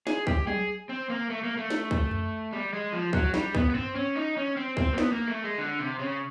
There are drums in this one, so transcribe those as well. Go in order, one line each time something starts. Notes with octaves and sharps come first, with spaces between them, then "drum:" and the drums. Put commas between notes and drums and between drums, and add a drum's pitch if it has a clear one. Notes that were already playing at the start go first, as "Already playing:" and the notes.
G#4, drum: snare
G4, drum: kick C2
G#4, drum: tom F#3
C4
A#3
A3
A#3
A3
drum: snare
drum: kick C2
drum: tom F2
G3
G#3
F3
F#3, drum: kick C2
G3, drum: snare
B3, drum: kick C2
B3
C4, drum: tom G2
C#4
D#4
C#4
C4
C4, drum: kick C2
A#3
B3, drum: snare
A#3
A3
G#3
D3
C3
C#3